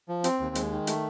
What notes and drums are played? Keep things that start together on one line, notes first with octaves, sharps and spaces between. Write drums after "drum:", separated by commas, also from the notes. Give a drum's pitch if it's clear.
F3
C4, drum: hi-hat
D#2
G#3, drum: hi-hat
D#3
A3, drum: hi-hat